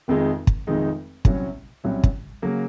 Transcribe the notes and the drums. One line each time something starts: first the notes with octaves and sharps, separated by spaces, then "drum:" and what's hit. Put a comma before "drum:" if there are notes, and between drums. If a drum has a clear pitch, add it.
F1 F2 D#3 G#3 D#4
drum: kick
F1 F2 D#3 G#3 D#4
C2 C3 F#3 C#4, drum: kick
C2 C3 F#3 C#4
drum: kick
C#3 F#3 A#3